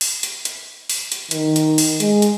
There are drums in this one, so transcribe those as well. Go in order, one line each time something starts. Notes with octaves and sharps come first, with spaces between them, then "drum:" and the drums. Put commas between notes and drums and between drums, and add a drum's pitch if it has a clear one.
drum: open hi-hat
drum: hi-hat
drum: hi-hat
drum: open hi-hat
drum: hi-hat
D#3, drum: hi-hat
drum: hi-hat
drum: open hi-hat
G#3, drum: hi-hat
drum: hi-hat